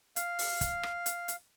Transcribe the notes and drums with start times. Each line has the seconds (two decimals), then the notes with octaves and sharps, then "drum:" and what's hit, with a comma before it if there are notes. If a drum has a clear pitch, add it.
0.16 F5, drum: hi-hat
0.39 drum: open hi-hat
0.61 drum: kick, hi-hat
0.83 drum: rim click
1.06 drum: hi-hat
1.28 drum: hi-hat